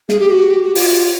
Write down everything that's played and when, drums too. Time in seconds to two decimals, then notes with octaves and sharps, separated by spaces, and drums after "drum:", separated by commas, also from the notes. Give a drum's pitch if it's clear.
0.09 G#4, drum: snare
0.19 G4
0.31 F#4
0.50 G4
0.63 F#4
0.75 F4, drum: open hi-hat